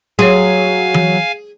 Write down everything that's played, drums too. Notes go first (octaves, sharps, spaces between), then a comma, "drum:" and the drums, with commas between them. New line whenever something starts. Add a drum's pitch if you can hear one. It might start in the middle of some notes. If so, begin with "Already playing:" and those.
F#3 G#4 C#5 F5 G#5 C6
drum: tom E3